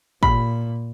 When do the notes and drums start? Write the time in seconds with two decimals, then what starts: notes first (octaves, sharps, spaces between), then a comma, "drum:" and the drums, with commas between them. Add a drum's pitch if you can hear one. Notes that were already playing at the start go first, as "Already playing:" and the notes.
0.23 A#2 B5, drum: kick